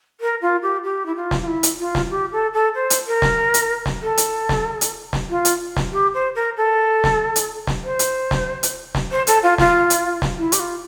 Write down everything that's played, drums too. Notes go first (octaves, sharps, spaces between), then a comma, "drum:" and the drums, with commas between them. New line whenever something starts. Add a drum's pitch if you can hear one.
A#4
F4
G4
G4
E4
F4
drum: snare
F4
E4
drum: hi-hat
F4
drum: snare
G4
A4
A4
C5
drum: hi-hat
A#4
drum: snare
drum: hi-hat
drum: snare
A4
drum: hi-hat
drum: snare
drum: hi-hat
drum: snare
F4
drum: hi-hat
drum: snare
G4
C5
A#4
A4
drum: snare
drum: hi-hat
drum: snare
C5
drum: hi-hat
drum: snare
drum: hi-hat
drum: snare
C5
A4, drum: hi-hat
F4
F4, drum: snare
drum: hi-hat
drum: snare
E4
G4, drum: hi-hat
F4